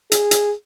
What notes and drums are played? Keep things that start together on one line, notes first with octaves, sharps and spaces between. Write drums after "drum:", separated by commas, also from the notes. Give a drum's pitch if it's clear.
G#4, drum: hi-hat
drum: hi-hat